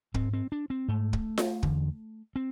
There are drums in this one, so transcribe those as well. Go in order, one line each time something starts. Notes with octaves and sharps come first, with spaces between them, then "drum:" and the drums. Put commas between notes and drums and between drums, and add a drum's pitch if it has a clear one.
G#2 C4, drum: kick
C4
D4
C4
G#2 A3
drum: kick
drum: snare F4
E2 D3, drum: kick
C4